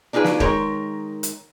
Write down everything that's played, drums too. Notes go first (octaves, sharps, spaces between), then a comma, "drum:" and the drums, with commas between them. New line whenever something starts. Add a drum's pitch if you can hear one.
D4 D#4 F4 G#4 B4
drum: snare
D#3 G#3 A#4 C#5, drum: kick
drum: hi-hat